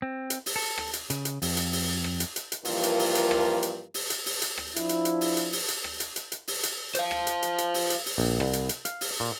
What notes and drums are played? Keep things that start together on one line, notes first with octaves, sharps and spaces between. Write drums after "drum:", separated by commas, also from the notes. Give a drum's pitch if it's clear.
C4
drum: hi-hat
drum: open hi-hat
A4
drum: rim click
drum: hi-hat
C#3, drum: hi-hat
drum: hi-hat
F2, drum: open hi-hat
drum: hi-hat
drum: open hi-hat
drum: rim click
drum: hi-hat
drum: hi-hat
drum: hi-hat
G2 E3 F3 A#3 F4 A#4, drum: open hi-hat
drum: hi-hat
drum: open hi-hat
drum: hi-hat
drum: rim click
drum: hi-hat
drum: open hi-hat
drum: hi-hat
drum: open hi-hat
drum: hi-hat
drum: rim click
F3 D4 E4, drum: hi-hat
drum: hi-hat
drum: hi-hat
drum: open hi-hat
drum: hi-hat
drum: open hi-hat
drum: hi-hat
drum: rim click
drum: hi-hat
drum: hi-hat
drum: hi-hat
drum: open hi-hat
drum: hi-hat
C5 F5, drum: hi-hat
drum: rim click
drum: hi-hat
drum: hi-hat
drum: hi-hat
drum: open hi-hat
drum: hi-hat
drum: open hi-hat
A#1
C2, drum: rim click
drum: hi-hat
drum: hi-hat
F5, drum: hi-hat
drum: open hi-hat
A#2